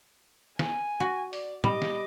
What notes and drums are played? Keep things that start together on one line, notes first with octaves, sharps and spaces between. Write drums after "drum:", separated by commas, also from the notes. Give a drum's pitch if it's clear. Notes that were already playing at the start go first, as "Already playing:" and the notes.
G#5, drum: snare
F#4
D5, drum: open hi-hat
G3 D#5 D6, drum: tom
drum: snare